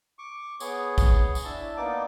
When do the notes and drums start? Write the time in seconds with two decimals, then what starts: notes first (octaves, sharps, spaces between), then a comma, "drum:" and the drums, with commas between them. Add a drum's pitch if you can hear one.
0.19 C#6 D6
0.60 B3 G#4 C#5, drum: tambourine
0.98 drum: kick, tambourine
1.35 drum: tambourine
1.45 D4 E4 A5
1.77 A#3 B3 D#4 D5 D6